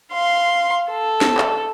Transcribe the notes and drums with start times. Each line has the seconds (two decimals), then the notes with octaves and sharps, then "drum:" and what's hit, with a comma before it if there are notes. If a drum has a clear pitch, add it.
0.13 F5 C6
0.89 A4
1.21 drum: snare
1.38 drum: clap